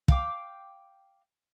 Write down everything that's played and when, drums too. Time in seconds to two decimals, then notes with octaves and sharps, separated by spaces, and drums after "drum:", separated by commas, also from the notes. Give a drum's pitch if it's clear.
0.08 F5 G5 D6, drum: kick